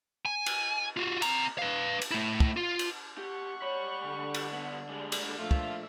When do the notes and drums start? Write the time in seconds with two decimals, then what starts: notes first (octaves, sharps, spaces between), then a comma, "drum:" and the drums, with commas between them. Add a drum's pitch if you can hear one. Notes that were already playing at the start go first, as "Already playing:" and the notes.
0.26 G#5
0.46 drum: cymbal
0.97 F4 F#4
1.22 C4 A#5, drum: cymbal
1.58 B4 F5
2.02 drum: cymbal
2.11 A3 E4
2.40 drum: kick
2.57 F4
2.79 drum: cymbal
3.18 G4 F#5 C#6
3.62 G3 C#5 B5
4.06 D3
4.34 drum: cymbal
4.52 G2 B3
4.89 G3 G#3
5.12 drum: cymbal
5.38 A#2 F3 A3 D4 F4 E5
5.51 drum: kick